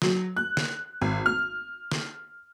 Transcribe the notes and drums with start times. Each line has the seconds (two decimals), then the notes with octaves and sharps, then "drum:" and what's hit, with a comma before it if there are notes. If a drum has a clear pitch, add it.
0.02 F#3, drum: snare
0.37 F#6
0.57 drum: snare
1.02 G#1
1.26 F6
1.92 drum: snare